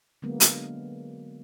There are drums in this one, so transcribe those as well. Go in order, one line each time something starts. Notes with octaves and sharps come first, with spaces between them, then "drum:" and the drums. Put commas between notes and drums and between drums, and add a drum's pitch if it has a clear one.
D3 F#3 G#3 A#3 B3
drum: hi-hat